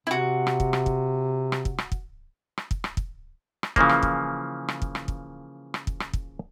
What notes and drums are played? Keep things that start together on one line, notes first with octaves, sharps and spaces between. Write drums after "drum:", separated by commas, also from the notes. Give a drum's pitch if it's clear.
C3 E4 F#4
drum: rim click
drum: kick
drum: rim click
drum: kick
drum: rim click
drum: kick
drum: rim click
drum: kick
drum: rim click
drum: kick
drum: rim click
drum: kick
drum: rim click
C#3 E3 F3 A#3, drum: kick
drum: rim click
drum: kick
drum: rim click
drum: kick
drum: rim click
drum: kick
drum: rim click
drum: kick
drum: rim click
drum: kick